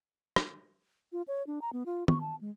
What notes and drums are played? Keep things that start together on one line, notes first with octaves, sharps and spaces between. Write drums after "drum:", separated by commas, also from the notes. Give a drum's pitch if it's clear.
drum: rim click
F4
C#5
D4
A#5
B3
F4
C#6, drum: tom
A5
G#3